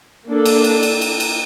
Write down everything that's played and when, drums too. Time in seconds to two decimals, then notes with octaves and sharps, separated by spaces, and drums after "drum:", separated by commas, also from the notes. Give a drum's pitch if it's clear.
0.27 A#3 D4 A4
0.45 drum: cymbal
0.64 drum: cymbal
0.83 drum: cymbal
1.01 drum: cymbal
1.20 drum: cymbal